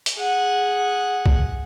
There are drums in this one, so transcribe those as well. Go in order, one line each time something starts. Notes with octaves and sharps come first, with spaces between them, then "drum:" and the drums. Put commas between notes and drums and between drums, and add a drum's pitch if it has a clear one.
drum: hi-hat
G#4 F#5
drum: kick